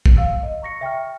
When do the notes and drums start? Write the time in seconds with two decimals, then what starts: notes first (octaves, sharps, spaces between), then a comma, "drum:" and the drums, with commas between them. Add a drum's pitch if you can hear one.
0.06 drum: kick
0.17 F5 E6
0.43 D#5
0.62 A#5 C#6 A#6 C#7
0.81 E5 G5 C#6 F6